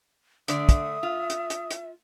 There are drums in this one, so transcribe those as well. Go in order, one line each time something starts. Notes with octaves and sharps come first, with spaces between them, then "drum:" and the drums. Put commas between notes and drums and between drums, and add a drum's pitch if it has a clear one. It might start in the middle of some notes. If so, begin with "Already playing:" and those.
D3 A3 D5 E5 D#6, drum: hi-hat
drum: kick, hi-hat
F4
drum: hi-hat
drum: hi-hat
drum: hi-hat